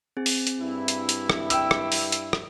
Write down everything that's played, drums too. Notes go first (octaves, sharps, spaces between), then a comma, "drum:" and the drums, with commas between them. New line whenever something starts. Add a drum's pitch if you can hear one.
C4 G#4
drum: open hi-hat
drum: hi-hat
G2 E4
drum: hi-hat
drum: hi-hat
drum: rim click
G5 E6, drum: hi-hat
drum: rim click
drum: open hi-hat
drum: hi-hat
drum: rim click